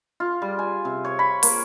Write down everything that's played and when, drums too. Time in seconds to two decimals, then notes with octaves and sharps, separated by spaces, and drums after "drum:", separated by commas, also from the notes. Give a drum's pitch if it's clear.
0.20 F4
0.42 G3
0.59 G#5
0.85 C3
1.05 C#5
1.19 B5
1.43 A#3, drum: open hi-hat